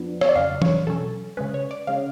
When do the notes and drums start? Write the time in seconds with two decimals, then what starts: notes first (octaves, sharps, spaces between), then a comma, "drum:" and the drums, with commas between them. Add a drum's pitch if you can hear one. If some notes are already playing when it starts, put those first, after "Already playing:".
Already playing: F2 F3 B3 D4
0.21 C#5, drum: rim click
0.29 D5
0.35 F2 C#3 F#3 F5
0.62 C#5, drum: tom E3
0.87 B2 F#3 C#4 A4
1.37 C#3 G#3 C#4 B4
1.54 C#5
1.71 D5
1.87 C#3 G#3 C#4 F5